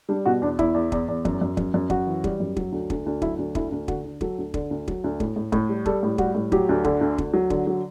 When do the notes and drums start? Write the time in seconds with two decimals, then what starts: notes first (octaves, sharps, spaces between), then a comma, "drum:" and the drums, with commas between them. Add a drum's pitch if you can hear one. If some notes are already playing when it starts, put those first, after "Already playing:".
0.09 G3 D4
0.26 B2 F#4
0.42 E2 D4
0.59 E2 E4, drum: kick
0.74 E2
0.92 E2, drum: kick
1.08 E2
1.25 F#2, drum: kick
1.42 F#2
1.57 F#2, drum: kick
1.74 F#2
1.90 F#2 F#4, drum: kick
2.07 E3
2.24 G3, drum: kick
2.40 F#2
2.56 F#3, drum: kick
2.72 D2
2.90 D2, drum: kick
3.06 D2
3.22 F#3 E4, drum: kick
3.38 D2
3.55 D2 E4, drum: kick
3.72 D2
3.88 D3 F#4, drum: kick
4.04 D3
4.21 F#3 A4, drum: kick
4.38 D2
4.54 D3, drum: kick
4.71 D2
4.88 F#3, drum: kick
5.04 D2
5.20 A2, drum: kick
5.36 A2
5.52 A2, drum: kick
5.69 G3
5.86 G3 A4, drum: kick
6.03 A2
6.18 G3 F#4, drum: kick
6.35 A2
6.52 F#3 G4, drum: kick
6.69 D2
6.84 D3, drum: kick
7.01 D2
7.18 D2, drum: kick
7.34 F#3
7.50 D3, drum: kick
7.67 F#3